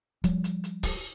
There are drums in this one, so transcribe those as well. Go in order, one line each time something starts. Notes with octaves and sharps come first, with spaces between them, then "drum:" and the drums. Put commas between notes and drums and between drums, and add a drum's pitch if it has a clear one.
F3 G3, drum: kick, hi-hat
drum: hi-hat
drum: hi-hat
drum: kick, open hi-hat